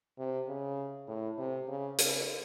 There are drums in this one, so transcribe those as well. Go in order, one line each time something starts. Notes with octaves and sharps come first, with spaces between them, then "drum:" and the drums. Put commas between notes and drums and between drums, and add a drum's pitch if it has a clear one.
C3
C#3
A2
C3
C#3
C#3, drum: hi-hat